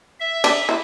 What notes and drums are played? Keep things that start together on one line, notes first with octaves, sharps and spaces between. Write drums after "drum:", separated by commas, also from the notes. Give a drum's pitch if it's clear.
E5
D4, drum: cymbal
E4